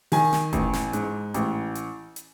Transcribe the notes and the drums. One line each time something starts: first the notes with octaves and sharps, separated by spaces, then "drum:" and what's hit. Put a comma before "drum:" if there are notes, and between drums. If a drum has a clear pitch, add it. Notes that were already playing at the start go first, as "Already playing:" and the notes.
D#3 G#5, drum: open hi-hat
drum: snare
A1, drum: kick F1, hi-hat
drum: snare
G#2, drum: hi-hat
A1, drum: hi-hat
drum: hi-hat
drum: hi-hat